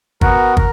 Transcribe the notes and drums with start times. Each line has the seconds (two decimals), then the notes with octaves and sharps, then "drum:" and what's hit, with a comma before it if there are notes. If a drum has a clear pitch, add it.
0.21 B3 F#4 A#4, drum: kick
0.57 A#4, drum: kick